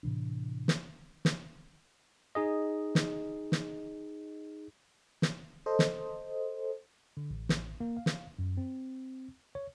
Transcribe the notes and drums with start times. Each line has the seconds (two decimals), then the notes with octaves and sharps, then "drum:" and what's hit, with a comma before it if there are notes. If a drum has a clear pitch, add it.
0.03 A2 C3 E3 D4
0.68 drum: snare
1.25 drum: snare
2.35 D#4 G#4 D#5
2.95 drum: snare
3.52 drum: snare
5.22 drum: snare
5.66 A4 C5 D#5
5.79 drum: snare
7.17 D3
7.30 A1
7.49 drum: snare
7.80 A#3
7.97 F5
8.06 drum: snare
8.39 F#2
8.57 C4
9.55 C#5